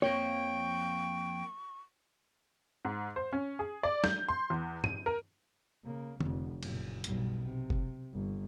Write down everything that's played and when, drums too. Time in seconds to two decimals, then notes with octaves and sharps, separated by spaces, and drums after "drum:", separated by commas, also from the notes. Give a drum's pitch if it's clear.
0.02 F2 F3 A#3 C#5 G5 C#6
2.85 G#2
3.16 C5
3.33 C#4
3.59 G#4
3.83 D5
4.04 G6, drum: snare
4.28 C6
4.50 E2
4.84 D#7, drum: tom G2
5.06 A#4
5.84 C#3 A#3
6.20 F1 F2, drum: tom D3
6.63 F#1 A#2, drum: cymbal
7.04 B1 G2, drum: hi-hat
7.44 C3
7.70 drum: kick
8.13 G1